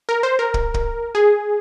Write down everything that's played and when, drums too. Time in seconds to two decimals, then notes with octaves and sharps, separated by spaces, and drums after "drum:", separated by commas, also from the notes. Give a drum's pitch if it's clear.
0.09 A#4
0.23 C5
0.39 A#4
0.54 drum: kick
0.74 drum: kick
1.15 G#4